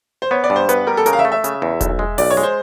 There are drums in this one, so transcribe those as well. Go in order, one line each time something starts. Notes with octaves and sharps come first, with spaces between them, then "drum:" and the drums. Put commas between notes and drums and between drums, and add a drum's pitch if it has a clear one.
C5
B3 C#5
D5
G2
C5
B3 B4, drum: hi-hat
G3 A#4
A4
C#3 A#4, drum: hi-hat
F5
E5
A3
E5
C#3, drum: hi-hat
E2
B1, drum: kick E1, hi-hat
G#3
B1 D5, drum: open hi-hat
C#5
G#3
C5